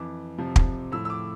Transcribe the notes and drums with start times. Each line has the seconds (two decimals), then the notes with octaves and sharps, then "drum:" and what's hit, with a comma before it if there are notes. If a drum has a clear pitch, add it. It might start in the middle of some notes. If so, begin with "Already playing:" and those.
Already playing: F2 E3 D6
0.38 F2 C3 F3
0.56 drum: kick
0.92 A2 F3 E6
1.05 E6
1.10 D6